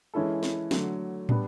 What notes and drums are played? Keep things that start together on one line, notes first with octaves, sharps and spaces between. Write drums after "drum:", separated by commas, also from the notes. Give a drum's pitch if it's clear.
E3 G#3 C#4 E4 A4
drum: snare
D3 F#3 A3, drum: snare
G3 B3 D4 G4, drum: tom